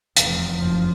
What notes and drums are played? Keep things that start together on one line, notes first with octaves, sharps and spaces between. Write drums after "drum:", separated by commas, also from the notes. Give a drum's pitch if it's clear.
F1 E2, drum: hi-hat
F#1 F3